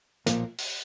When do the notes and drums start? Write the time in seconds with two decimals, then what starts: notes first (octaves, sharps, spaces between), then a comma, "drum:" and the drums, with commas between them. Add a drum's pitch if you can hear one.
0.26 B1 A#2 F3 A#3, drum: hi-hat
0.58 drum: open hi-hat